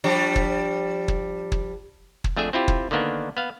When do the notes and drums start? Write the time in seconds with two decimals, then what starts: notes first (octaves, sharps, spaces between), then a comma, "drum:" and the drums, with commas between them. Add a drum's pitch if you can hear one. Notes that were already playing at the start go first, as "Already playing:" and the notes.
0.04 F3 G3 D4
0.36 drum: kick
1.08 drum: kick
1.52 drum: kick
2.24 drum: kick
2.36 F2 A3 D4 G#4 E5
2.53 C4 E4 F4 G4
2.68 drum: kick
2.91 D3 D#3 A#3 B3 D4
3.37 B3 F5